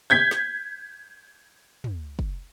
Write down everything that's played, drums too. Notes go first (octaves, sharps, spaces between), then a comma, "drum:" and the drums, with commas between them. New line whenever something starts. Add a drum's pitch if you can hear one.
G6 G#6 B6
drum: snare
drum: tom
drum: kick